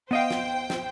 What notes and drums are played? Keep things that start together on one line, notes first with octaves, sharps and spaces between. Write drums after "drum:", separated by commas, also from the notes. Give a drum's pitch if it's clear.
B3 C5 D#5 F5 G5
drum: snare
drum: snare